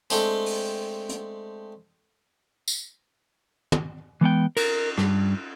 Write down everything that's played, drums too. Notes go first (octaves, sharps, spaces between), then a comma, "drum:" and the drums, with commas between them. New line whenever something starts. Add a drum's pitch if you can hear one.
G#3 A3 C4 D4 G4 A4, drum: tambourine
drum: open hi-hat
drum: hi-hat
drum: tambourine
drum: tom
E3 G#3 B3 G5
A#4, drum: cymbal
G2, drum: rim click